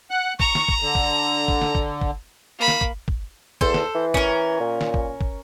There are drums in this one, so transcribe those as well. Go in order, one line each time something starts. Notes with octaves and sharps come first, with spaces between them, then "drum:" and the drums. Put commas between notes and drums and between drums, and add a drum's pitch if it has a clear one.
F#5 F#6
A#5 C#6, drum: kick
drum: snare
drum: kick
D3
drum: kick
drum: kick
drum: snare
drum: kick
drum: kick
A#3 B5
drum: snare
drum: kick
drum: kick
E2 A4 C5, drum: kick
drum: snare
E3
C#4 A#4, drum: kick
A#2
drum: snare
drum: kick
drum: kick